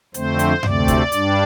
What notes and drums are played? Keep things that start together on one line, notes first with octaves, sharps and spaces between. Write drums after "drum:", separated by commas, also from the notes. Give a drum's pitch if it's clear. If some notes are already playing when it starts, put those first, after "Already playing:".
F2 D3 A3 C4 C5, drum: hi-hat
drum: hi-hat
D2 C3 A3 C4 D5, drum: tom F#2
drum: kick, hi-hat
G2 G3 D4, drum: hi-hat